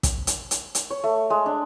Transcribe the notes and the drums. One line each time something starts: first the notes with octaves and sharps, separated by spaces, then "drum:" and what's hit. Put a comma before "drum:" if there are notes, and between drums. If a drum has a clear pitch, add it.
drum: kick, hi-hat
drum: hi-hat
drum: hi-hat
drum: hi-hat
C#5
A3
G#3
D4